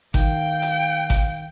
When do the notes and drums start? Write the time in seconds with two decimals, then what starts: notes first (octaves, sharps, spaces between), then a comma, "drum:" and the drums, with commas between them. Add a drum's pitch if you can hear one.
0.14 D#3 F5 G5, drum: kick G#1, hi-hat
0.62 drum: hi-hat
1.10 drum: kick G#1, hi-hat